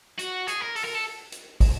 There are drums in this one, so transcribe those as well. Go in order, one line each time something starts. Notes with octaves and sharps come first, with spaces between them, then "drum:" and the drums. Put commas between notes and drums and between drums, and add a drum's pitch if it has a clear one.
F#4, drum: hi-hat
G#4, drum: hi-hat
A#4
A4, drum: open hi-hat
A#4
A4
drum: hi-hat
drum: kick, open hi-hat